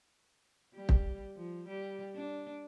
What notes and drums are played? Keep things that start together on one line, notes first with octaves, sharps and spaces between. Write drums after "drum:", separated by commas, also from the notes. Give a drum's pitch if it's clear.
G3
drum: kick
F3
G3
D4